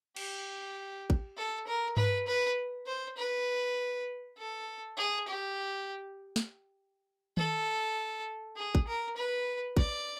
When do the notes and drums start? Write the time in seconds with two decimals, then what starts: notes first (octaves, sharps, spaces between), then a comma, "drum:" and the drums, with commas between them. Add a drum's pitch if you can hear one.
0.16 G4, drum: cymbal
1.10 drum: kick
1.37 A4
1.67 A#4
1.97 B4, drum: tom G2
2.27 B4
2.86 C5
3.17 B4
4.37 A4
4.97 G#4
5.27 G4
6.36 drum: snare
7.37 A4, drum: tom D#3
8.56 G#4
8.75 drum: kick
8.87 A#4
9.16 B4
9.77 D5, drum: kick